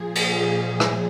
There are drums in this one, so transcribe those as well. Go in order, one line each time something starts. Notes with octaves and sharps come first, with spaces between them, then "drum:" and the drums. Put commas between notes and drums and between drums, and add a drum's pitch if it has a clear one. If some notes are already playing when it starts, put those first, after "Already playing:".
Already playing: A#2 F3 G#4
G#4, drum: cymbal
drum: rim click